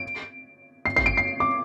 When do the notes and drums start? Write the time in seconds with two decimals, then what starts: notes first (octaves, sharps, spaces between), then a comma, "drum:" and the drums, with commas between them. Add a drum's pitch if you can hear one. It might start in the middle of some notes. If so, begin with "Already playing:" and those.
Already playing: D7
0.86 C7
0.96 C7, drum: kick
1.06 D7
1.17 C7
1.40 D6